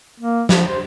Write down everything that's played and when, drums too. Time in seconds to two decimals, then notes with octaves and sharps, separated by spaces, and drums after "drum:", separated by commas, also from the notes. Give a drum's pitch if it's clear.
0.20 A#3
0.49 F3, drum: snare
0.68 C5